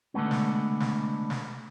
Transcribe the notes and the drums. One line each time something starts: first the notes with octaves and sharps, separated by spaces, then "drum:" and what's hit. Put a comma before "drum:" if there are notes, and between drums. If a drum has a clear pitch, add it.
D3 G#3 A3 B3 C#4
drum: snare
drum: snare
drum: snare